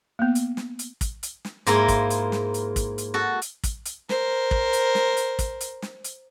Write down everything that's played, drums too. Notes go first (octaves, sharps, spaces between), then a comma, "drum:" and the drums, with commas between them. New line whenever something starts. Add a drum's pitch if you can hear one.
A#3 B3
drum: hi-hat
drum: snare
drum: hi-hat
drum: kick, hi-hat
drum: hi-hat
drum: snare
G#2 A#3 E4 F4 A#4 A#5, drum: hi-hat
drum: kick, hi-hat
drum: hi-hat
drum: snare
drum: hi-hat
drum: kick, hi-hat
drum: hi-hat
F#4 A4
drum: hi-hat
drum: kick, hi-hat
drum: hi-hat
A#4 C5, drum: snare
drum: kick
drum: hi-hat
drum: snare
drum: hi-hat
drum: kick, hi-hat
drum: hi-hat
drum: snare
drum: hi-hat